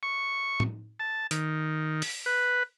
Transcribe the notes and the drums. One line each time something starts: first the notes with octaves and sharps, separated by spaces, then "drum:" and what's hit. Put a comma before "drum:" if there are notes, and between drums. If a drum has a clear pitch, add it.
C#6
drum: tom A2
A5
D#3, drum: hi-hat
drum: open hi-hat
B4